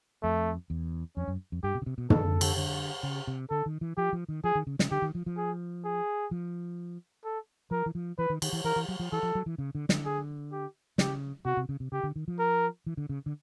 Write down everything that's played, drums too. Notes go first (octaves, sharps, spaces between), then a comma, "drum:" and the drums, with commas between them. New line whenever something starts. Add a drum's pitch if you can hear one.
F2 A3
E2
F2 C#4
F#2
F2
G2 G4
B2
C#3
C3
B2
D#3 A4, drum: tom
D3
D3, drum: cymbal
D3
C#3
C3
D3 A4
D#3
E3
F3 G4
F3
D#3
F3 G#4
D#3
C#3
C#3, drum: snare
D3 G4
D#3
F3
F3
G#4
G#4
F3
A4
F3 A#4
E3
F3
E3 B4
D#3
D#3, drum: cymbal
E3
E3 A#4
E3
F#3
F3
E3 A4
F3
F#3
E3
C#3
D3
D3, drum: snare
G#4
G4
C#3 G4, drum: snare
C3 F#4
C3
C#3
C3
C#3 G4
D3
D#3
F3
A#4
E3
D3
C#3
D3